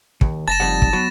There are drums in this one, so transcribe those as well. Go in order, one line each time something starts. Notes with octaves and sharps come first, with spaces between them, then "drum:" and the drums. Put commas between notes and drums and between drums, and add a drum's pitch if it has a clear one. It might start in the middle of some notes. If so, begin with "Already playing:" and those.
D#2, drum: kick
F#1 A5 A6 A#6 E7
F2 G3 D#4 F#5 A5
drum: kick
F#3 B3